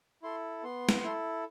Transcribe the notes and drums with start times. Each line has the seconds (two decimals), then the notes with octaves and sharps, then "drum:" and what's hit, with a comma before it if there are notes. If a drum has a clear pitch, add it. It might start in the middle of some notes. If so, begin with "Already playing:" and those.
0.23 E4 A4 C6
0.63 B3 C6
0.89 drum: snare
1.03 E4 A4